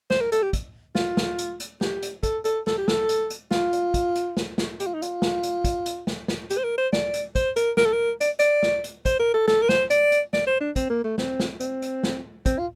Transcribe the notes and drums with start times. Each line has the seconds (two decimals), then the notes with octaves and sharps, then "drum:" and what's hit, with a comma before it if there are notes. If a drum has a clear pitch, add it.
0.10 C5, drum: snare
0.21 A#4
0.32 A4, drum: hi-hat
0.43 G4
0.53 drum: kick, hi-hat
0.95 F4, drum: snare
1.17 drum: snare
1.38 drum: hi-hat
1.60 drum: hi-hat
1.81 G4, drum: snare
2.02 drum: hi-hat
2.23 A4, drum: kick, hi-hat
2.45 A4, drum: hi-hat
2.67 A4, drum: snare
2.78 G4
2.88 A4, drum: snare
3.09 drum: hi-hat
3.30 drum: hi-hat
3.51 F4, drum: snare
3.73 drum: hi-hat
3.94 drum: kick, hi-hat
4.15 drum: hi-hat
4.37 drum: snare
4.58 drum: snare
4.80 G4, drum: hi-hat
4.87 F4
4.94 D#4
5.02 F4, drum: hi-hat
5.22 drum: snare
5.43 drum: hi-hat
5.64 drum: kick, hi-hat
5.86 drum: hi-hat
6.07 drum: snare
6.28 drum: snare
6.50 G4, drum: hi-hat
6.58 C5
6.64 A#4
6.78 C5
6.93 D5, drum: snare
7.14 drum: hi-hat
7.35 C5, drum: kick, hi-hat
7.56 A#4, drum: hi-hat
7.77 A#4, drum: snare
7.86 A4
7.93 A#4
8.21 D5, drum: hi-hat
8.39 D5, drum: hi-hat
8.63 drum: snare
8.84 drum: hi-hat
9.05 C5, drum: kick, hi-hat
9.19 A#4
9.34 A4
9.48 A4, drum: snare
9.62 A#4
9.69 C5, drum: snare
9.90 D5, drum: hi-hat
10.12 drum: hi-hat
10.33 D5, drum: snare
10.47 C5
10.61 D4
10.76 C4, drum: kick, hi-hat
10.90 A#3
11.04 A3
11.18 C4, drum: snare
11.40 drum: snare
11.60 C4, drum: hi-hat
11.82 drum: hi-hat
12.03 drum: snare
12.46 C4, drum: kick, hi-hat
12.59 F4